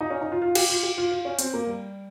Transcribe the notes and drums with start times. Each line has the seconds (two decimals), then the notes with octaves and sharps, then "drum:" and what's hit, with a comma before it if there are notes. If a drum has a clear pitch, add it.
0.01 D#4
0.11 C#4
0.21 D#4
0.32 F4
0.42 F4
0.55 G4, drum: cymbal
0.70 F4
0.83 G4
0.98 F4
1.11 F4
1.25 C#4
1.39 C4, drum: hi-hat
1.54 A#3
1.67 G3